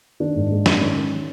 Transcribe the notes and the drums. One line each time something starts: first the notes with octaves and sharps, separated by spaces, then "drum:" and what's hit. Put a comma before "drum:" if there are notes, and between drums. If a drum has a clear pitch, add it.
D#3 D4
G#2
G#2
G#2, drum: snare
D4
D#3 C#4
D#3